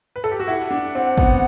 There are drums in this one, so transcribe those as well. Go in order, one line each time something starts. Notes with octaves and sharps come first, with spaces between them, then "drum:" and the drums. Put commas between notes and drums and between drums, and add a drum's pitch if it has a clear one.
B4
A4
G4
F#4
E4 F#5
D4
C4
B3, drum: kick